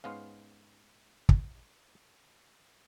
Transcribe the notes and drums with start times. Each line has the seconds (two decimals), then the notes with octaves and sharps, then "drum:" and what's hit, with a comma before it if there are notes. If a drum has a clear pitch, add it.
0.04 G#2 B3 C#4 F5 C6
1.29 drum: kick